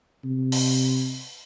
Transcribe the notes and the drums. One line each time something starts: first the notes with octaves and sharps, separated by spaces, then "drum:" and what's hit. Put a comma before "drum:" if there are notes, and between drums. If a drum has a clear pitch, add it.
C3
drum: open hi-hat